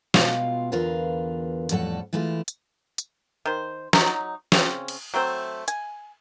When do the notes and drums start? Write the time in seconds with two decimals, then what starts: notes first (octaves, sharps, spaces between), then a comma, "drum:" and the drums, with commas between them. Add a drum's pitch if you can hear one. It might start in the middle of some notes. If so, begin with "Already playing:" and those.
0.14 B2 G#3 F4 F5 G5, drum: snare
0.72 E2 D3 F4 A#4 B4 F5
1.69 F2 A2 G3 A4 F#5, drum: hi-hat
2.13 E3 G#3 A3 E4 F4
2.48 drum: hi-hat
2.98 drum: hi-hat
3.46 D#3 C5
3.93 F#3 D#4, drum: snare
4.52 C#3 C4 C#4, drum: snare
4.88 drum: cymbal
5.14 F#3 A3 C4 C5
5.68 G#5, drum: hi-hat